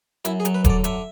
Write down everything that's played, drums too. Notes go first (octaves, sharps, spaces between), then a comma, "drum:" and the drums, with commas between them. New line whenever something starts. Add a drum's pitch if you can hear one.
F#2 E4, drum: hi-hat
G#4
F#3, drum: hi-hat
B4
D3, drum: kick D#1, hi-hat
D5
D3 E5, drum: hi-hat